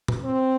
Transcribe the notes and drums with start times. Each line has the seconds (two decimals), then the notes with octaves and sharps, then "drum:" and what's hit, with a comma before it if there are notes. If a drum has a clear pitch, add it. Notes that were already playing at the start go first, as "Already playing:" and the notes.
0.08 drum: tom
0.24 C4